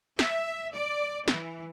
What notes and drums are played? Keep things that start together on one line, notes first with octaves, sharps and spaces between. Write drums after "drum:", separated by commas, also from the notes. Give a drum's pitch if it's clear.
E5, drum: snare
D5
E3, drum: snare